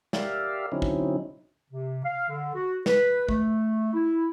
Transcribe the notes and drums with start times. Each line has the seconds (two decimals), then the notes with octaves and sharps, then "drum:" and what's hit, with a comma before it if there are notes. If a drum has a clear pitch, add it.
0.13 G4 A#4 D5 E5 F5, drum: snare
0.72 D3 F#3 C4 C#4 D#4 E4
0.82 drum: kick A#1
1.70 C3
2.03 F5
2.27 D3
2.55 F#4
2.86 B4, drum: snare
3.29 A3, drum: kick A#1
3.93 E4